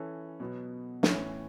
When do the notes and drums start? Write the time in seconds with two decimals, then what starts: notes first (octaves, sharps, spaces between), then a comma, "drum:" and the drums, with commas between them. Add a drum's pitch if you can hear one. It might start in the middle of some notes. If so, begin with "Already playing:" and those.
Already playing: E3 C#4 A4
0.40 B2 F#3 B3
1.03 A2 E3 C#4, drum: snare